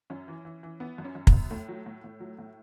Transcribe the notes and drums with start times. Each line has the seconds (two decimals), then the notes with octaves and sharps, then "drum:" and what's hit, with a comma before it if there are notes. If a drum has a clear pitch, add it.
0.10 F#2 C#4
0.28 E3
0.45 E3
0.63 E3
0.80 E3 B3
0.98 F#2
1.05 C#4
1.15 F#2
1.27 B3, drum: kick
1.33 F#2
1.51 A2 A3
1.68 F#3
1.86 A2
2.04 A2
2.20 F#3
2.39 A2